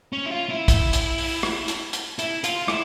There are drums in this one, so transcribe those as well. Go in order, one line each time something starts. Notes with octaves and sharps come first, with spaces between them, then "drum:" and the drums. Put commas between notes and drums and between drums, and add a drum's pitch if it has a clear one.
C#4
E4
F4
E4
drum: kick, hi-hat
drum: hi-hat
drum: open hi-hat
drum: rim click
drum: hi-hat
drum: hi-hat
E4, drum: hi-hat
F4, drum: hi-hat
E4, drum: rim click